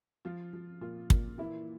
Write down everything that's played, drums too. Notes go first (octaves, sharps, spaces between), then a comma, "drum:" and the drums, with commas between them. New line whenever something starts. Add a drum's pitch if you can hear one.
F3 F4
F3
A#2 F4
A#2, drum: kick
E3 E4